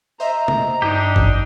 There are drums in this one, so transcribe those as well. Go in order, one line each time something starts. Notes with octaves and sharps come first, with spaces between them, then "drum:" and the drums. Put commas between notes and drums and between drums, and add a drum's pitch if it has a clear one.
C5 D#5 E5 A#5
drum: tom C3
G2 D4 D#4 G4
drum: kick G#1